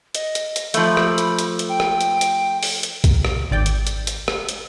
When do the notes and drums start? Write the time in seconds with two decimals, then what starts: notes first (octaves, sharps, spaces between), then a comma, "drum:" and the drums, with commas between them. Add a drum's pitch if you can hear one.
0.15 D#5, drum: hi-hat
0.35 drum: hi-hat
0.56 drum: hi-hat
0.74 F3 A3 B5, drum: hi-hat
0.97 drum: rim click
1.18 drum: hi-hat
1.39 drum: hi-hat
1.59 drum: hi-hat
1.69 G5
1.80 drum: rim click
2.01 drum: hi-hat
2.21 drum: hi-hat
2.63 drum: open hi-hat
2.83 drum: hi-hat
3.04 drum: kick, hi-hat
3.25 drum: rim click
3.51 G#1 D5 G5
3.66 drum: hi-hat
3.87 drum: hi-hat
4.07 drum: hi-hat
4.28 drum: rim click
4.49 drum: hi-hat